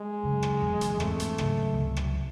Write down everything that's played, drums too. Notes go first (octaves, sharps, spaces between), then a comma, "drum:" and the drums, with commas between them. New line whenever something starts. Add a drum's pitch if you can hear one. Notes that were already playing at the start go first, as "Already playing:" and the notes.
Already playing: G#3
F#2 C#3 F#3
drum: rim click
E1 E2 D#3 F#3
drum: hi-hat
G#2 E3 A3 C4, drum: rim click
drum: hi-hat
F#1 F#2 C#3 E3, drum: rim click
C#2 C3 F#3
drum: rim click